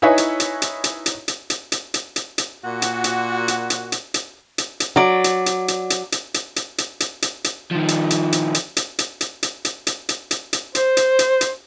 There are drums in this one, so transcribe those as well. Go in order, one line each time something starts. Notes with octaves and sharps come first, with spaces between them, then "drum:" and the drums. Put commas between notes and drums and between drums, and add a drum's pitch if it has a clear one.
D#4 E4 B4 C#5 E5 G#5
drum: hi-hat
drum: hi-hat
drum: hi-hat
drum: hi-hat
drum: hi-hat
drum: hi-hat
drum: hi-hat
drum: hi-hat
drum: hi-hat
drum: hi-hat
drum: hi-hat
A#2 F#4
drum: hi-hat
drum: hi-hat
drum: hi-hat
drum: hi-hat
drum: hi-hat
drum: hi-hat
drum: hi-hat
drum: hi-hat
F#3 D5
drum: hi-hat
drum: hi-hat
drum: hi-hat
drum: hi-hat
drum: hi-hat
drum: hi-hat
drum: hi-hat
drum: hi-hat
drum: hi-hat
drum: hi-hat
drum: hi-hat
D#3 F3
drum: hi-hat
drum: hi-hat
drum: hi-hat
drum: hi-hat
drum: hi-hat
drum: hi-hat
drum: hi-hat
drum: hi-hat
drum: hi-hat
drum: hi-hat
drum: hi-hat
drum: hi-hat
drum: hi-hat
C5, drum: hi-hat
drum: hi-hat
drum: hi-hat
drum: hi-hat